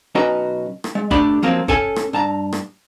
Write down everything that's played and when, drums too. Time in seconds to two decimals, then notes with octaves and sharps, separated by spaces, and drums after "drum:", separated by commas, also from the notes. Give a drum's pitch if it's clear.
0.15 B1 C#4 F#4 B4 D#5 A#5
0.84 drum: rim click
0.95 G#3
1.11 A2 A3 D4 G4 D5 B5, drum: kick
1.43 F3 F#3 A#3 C4
1.68 C#4 A4 G#5, drum: kick
1.96 drum: rim click
2.13 G2 A5 A#5
2.53 drum: rim click